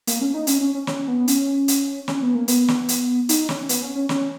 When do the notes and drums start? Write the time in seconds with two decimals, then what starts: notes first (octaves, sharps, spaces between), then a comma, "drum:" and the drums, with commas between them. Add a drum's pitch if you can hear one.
0.07 A#3, drum: hi-hat
0.21 C#4
0.34 D#4
0.47 C#4, drum: hi-hat
0.61 C#4
0.74 C#4
0.87 C#4, drum: snare
1.08 B3
1.28 C#4, drum: hi-hat
1.68 drum: hi-hat
2.08 C#4, drum: snare
2.22 B3
2.35 A#3
2.48 B3, drum: hi-hat
2.68 drum: snare
2.89 drum: hi-hat
3.29 D#4, drum: hi-hat
3.49 C#4, drum: snare
3.69 B3, drum: hi-hat
3.82 C#4
3.95 C#4
4.09 C#4, drum: snare